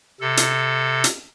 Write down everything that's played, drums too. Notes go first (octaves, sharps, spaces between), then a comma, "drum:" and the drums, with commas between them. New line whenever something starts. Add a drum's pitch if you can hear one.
C3 A4
drum: hi-hat
drum: hi-hat